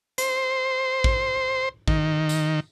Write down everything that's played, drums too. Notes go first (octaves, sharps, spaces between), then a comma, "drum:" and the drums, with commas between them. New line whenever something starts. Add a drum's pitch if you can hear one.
C5, drum: hi-hat
drum: kick
D#3, drum: kick
drum: tambourine